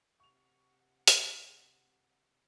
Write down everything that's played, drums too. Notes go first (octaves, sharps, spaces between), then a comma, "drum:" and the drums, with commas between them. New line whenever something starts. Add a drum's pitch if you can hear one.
C3 F#5 C#6 F7
drum: hi-hat